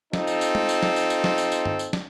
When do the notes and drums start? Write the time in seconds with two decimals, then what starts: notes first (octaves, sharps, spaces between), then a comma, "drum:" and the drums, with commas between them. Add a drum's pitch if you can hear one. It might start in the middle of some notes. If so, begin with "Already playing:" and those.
0.13 C4 D#4 F4 A4, drum: snare
0.27 drum: tambourine
0.41 drum: tambourine
0.55 drum: tom
0.69 drum: tambourine
0.83 drum: snare
0.96 drum: tambourine
1.10 drum: tambourine
1.24 drum: snare
1.38 drum: tambourine
1.52 drum: tambourine
1.65 drum: tom G2
1.79 drum: tambourine
1.93 drum: snare